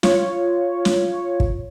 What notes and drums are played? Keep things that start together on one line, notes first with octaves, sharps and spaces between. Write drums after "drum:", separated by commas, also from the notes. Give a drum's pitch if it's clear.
F4 C#5, drum: snare
drum: snare
drum: kick